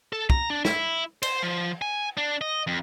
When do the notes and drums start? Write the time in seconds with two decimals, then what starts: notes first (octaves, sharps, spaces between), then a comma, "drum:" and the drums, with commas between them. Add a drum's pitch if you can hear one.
0.13 A4
0.30 A#5, drum: kick
0.50 D4
0.65 E4, drum: snare
1.23 C5, drum: cymbal
1.43 F3
1.82 G#5
2.17 D4
2.41 D#5
2.67 F2